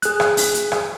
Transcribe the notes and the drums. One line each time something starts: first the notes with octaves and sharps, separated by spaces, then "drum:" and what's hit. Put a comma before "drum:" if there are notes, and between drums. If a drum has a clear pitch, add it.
G#4 F#6, drum: hi-hat
drum: rim click
drum: open hi-hat
drum: hi-hat
drum: rim click